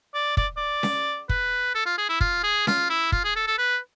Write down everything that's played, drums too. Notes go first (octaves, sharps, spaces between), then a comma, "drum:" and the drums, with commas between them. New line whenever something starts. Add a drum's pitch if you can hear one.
D5
D5, drum: kick
D5
drum: snare C#4
B4, drum: kick
A4
F4
G#4
E4
F4, drum: kick
G#4
F4, drum: snare C#4
E4
F4, drum: kick
G#4
A4
A4
B4